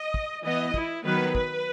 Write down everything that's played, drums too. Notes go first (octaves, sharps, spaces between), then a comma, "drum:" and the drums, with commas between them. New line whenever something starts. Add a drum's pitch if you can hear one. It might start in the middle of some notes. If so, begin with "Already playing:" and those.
Already playing: D#5
drum: kick
E3 B3 D#5
E4, drum: kick
D#3 F#3 B3 B4
B4, drum: kick